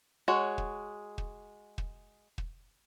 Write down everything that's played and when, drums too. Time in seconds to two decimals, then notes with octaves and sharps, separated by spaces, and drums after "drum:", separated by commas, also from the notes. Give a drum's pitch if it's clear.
0.28 G#3 F#4 C#5
0.58 drum: kick
1.18 drum: kick
1.78 drum: kick
2.38 drum: kick